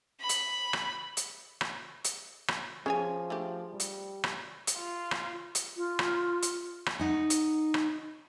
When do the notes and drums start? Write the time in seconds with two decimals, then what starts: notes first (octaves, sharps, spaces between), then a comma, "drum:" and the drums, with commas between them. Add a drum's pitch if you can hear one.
0.20 B5
0.29 drum: hi-hat
0.73 drum: rim click
1.17 drum: hi-hat
1.61 drum: rim click
2.05 drum: hi-hat
2.48 drum: rim click
2.86 F3 C#4 G#4 C#5 G#5
3.30 A3 D4 G4
3.71 G3
3.80 drum: hi-hat
4.24 drum: rim click
4.67 drum: hi-hat
4.77 F4
5.11 drum: rim click
5.55 drum: hi-hat
5.77 F4
5.99 drum: rim click
6.43 drum: hi-hat
6.86 drum: rim click
6.99 D#4 F#5
7.30 drum: hi-hat
7.74 drum: rim click